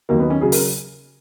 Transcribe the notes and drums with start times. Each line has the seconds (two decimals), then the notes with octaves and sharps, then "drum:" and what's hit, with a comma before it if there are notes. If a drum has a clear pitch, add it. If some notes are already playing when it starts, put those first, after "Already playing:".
0.09 D#2 D#3 F#3 A#3
0.20 B3
0.30 C#4
0.41 C#3 F#3 G#4
0.52 A#4, drum: open hi-hat